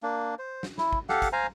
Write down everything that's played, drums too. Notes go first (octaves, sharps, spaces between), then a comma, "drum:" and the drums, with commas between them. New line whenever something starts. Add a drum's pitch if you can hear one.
A#3 D4
C5
drum: snare
E4, drum: snare
drum: kick
G4 A4 F5 F#5, drum: snare
drum: kick, hi-hat
C5 F5 G#5 A#5